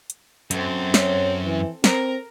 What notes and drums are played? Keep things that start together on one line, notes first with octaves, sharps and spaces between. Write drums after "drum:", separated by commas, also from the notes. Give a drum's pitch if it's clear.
drum: hi-hat
F#2 C4 A4, drum: hi-hat
C#5, drum: snare
E3
C4 A#4 A#5, drum: snare